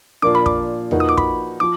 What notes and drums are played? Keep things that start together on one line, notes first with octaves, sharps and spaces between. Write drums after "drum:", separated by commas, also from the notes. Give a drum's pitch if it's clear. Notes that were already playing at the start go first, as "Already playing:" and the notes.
A#2 F3 A#3 D4 F4 D6
B5
D6, drum: kick
F3 A#3 D#4 F#4 B4, drum: tom E2
D#6
D6
B5, drum: kick
F3 D6